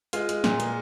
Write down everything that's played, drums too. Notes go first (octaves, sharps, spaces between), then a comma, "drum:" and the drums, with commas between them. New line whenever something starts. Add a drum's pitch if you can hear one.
G#3 F4, drum: hi-hat
G#3, drum: hi-hat
A#2, drum: snare
G#3, drum: hi-hat